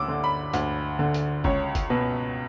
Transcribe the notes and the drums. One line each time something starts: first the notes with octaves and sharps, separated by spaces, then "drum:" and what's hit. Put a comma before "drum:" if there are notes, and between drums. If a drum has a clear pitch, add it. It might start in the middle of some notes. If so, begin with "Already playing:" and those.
Already playing: D2 D6 E6
D3
B5
D2, drum: hi-hat
D3
drum: hi-hat
C#2 C#5, drum: kick F#1
drum: kick F#1, hi-hat
B2 B4